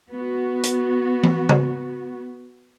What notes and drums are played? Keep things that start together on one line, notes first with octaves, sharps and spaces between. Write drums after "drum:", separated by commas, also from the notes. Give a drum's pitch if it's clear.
B3 F#4
drum: hi-hat
drum: tom E3
drum: tom C#3